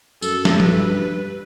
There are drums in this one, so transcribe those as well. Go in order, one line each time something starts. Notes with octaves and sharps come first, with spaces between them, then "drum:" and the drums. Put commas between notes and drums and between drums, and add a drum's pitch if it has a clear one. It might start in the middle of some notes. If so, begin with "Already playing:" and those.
F#2 A4, drum: tambourine
drum: snare
G2 B4, drum: tom F3